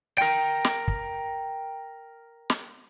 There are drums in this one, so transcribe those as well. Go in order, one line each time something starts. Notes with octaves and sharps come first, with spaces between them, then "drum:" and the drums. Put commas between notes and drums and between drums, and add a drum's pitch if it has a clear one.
A#4 G5
drum: snare
drum: kick
drum: snare